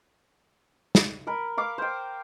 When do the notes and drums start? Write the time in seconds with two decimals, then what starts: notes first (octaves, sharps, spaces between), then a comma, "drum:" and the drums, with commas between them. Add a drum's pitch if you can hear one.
0.95 drum: snare
1.27 A#4 B5
1.57 F5 D6
1.78 C5 G5